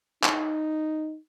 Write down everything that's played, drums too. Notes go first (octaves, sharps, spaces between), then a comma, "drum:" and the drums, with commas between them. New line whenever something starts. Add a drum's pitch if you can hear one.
D#4, drum: clap